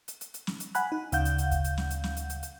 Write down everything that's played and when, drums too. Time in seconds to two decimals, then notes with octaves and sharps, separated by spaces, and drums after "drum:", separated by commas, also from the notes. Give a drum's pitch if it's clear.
0.08 drum: hi-hat
0.21 drum: hi-hat
0.34 drum: hi-hat
0.47 drum: snare
0.60 drum: hi-hat
0.75 F#5 G#5 B5 F#6, drum: hi-hat
0.92 D#4
1.12 D2 C#3 F5 F#5 G6, drum: hi-hat
1.25 drum: hi-hat
1.38 drum: hi-hat
1.51 drum: kick, hi-hat
1.64 drum: hi-hat
1.78 drum: snare
1.91 drum: hi-hat
2.04 drum: snare
2.17 drum: hi-hat
2.30 drum: hi-hat
2.43 drum: hi-hat